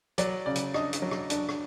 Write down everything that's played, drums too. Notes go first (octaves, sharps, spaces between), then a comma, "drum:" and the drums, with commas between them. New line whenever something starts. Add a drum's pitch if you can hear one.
F#3 D5, drum: hi-hat
C#3 D5
drum: hi-hat
D4 D#5, drum: rim click
drum: hi-hat
F#3
drum: rim click
D4, drum: hi-hat
drum: rim click